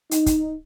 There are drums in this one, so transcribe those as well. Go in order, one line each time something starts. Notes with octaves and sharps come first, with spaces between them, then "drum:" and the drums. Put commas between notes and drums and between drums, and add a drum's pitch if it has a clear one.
D#4, drum: hi-hat
drum: kick, hi-hat